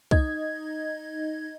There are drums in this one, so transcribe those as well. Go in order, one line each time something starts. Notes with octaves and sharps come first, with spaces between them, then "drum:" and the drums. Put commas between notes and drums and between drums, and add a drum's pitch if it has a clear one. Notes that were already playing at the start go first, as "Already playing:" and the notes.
D#4 D#5 G#6, drum: kick